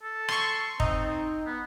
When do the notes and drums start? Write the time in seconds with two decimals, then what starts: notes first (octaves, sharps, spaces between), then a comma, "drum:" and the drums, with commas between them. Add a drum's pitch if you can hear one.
0.03 A4
0.28 C6 C#6, drum: rim click
0.80 C4 D#4, drum: kick
1.47 B3